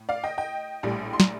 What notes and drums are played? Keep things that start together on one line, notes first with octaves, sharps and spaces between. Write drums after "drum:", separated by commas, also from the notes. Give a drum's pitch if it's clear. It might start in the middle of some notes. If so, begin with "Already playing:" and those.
Already playing: A2
D5 F5
D#5 G5
D#5 G5
A#1 A2 G3
C6
A#5, drum: snare